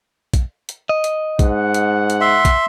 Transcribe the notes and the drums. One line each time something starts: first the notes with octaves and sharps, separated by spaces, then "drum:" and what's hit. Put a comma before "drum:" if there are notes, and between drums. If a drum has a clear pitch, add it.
drum: kick A#1, hi-hat
drum: hi-hat
D#5
drum: hi-hat
G#2 F#5, drum: kick A#1, hi-hat
drum: hi-hat
drum: hi-hat
E5 C6
drum: kick A#1, hi-hat